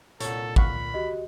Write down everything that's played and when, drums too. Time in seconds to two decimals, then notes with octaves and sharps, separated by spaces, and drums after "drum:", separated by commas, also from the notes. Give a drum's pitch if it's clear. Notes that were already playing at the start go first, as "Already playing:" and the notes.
0.21 C2 A#2 A4 C#5, drum: hi-hat
0.56 F5 F#5 B5 C#6, drum: kick
0.94 F#4 G4 D#5